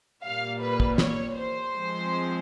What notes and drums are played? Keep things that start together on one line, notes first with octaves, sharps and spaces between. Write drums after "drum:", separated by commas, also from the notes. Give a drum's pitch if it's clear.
A#2 G3 A#3 F5
B4
drum: kick
C#5, drum: snare
C5
F3 G#3 C4